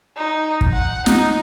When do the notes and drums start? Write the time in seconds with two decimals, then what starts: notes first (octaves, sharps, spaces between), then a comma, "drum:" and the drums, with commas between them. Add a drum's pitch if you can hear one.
0.16 D#4
0.61 drum: kick
0.72 F#5
1.06 D#4, drum: snare